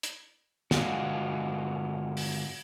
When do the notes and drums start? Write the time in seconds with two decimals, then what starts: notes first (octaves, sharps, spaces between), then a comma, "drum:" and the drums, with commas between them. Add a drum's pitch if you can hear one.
0.03 drum: hi-hat
0.71 G2 D3 G#3 F4 F#4, drum: snare
2.17 drum: open hi-hat